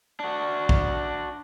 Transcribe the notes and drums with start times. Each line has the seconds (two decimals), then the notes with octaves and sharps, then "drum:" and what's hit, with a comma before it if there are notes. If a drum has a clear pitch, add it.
0.20 D4 F#4
0.69 drum: kick